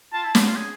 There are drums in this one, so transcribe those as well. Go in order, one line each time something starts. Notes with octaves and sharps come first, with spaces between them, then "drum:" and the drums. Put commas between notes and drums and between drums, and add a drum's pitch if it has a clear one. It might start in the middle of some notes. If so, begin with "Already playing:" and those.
F4 A5
E4
drum: snare
F4
G#4